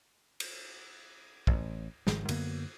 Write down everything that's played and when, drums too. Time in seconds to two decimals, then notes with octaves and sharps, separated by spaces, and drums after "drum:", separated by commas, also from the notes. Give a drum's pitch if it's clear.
0.40 drum: cymbal
1.47 A1, drum: kick
2.07 G#1 G#2 D#3 F3, drum: snare
2.29 F#2 D3 A#3 B3, drum: cymbal